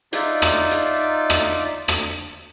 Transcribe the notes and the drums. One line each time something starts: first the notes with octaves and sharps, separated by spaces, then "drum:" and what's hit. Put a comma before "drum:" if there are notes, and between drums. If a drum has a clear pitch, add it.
D#4 F4 D5 E5, drum: hi-hat
drum: rim click
drum: hi-hat
drum: rim click
drum: rim click